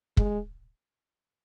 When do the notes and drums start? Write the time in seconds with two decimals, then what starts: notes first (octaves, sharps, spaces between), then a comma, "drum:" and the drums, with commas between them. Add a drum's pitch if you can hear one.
0.17 G#3, drum: kick